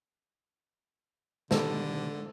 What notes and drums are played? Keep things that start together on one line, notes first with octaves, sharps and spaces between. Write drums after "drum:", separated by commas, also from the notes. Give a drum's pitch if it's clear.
B2 D3 D#3 G3 A4, drum: snare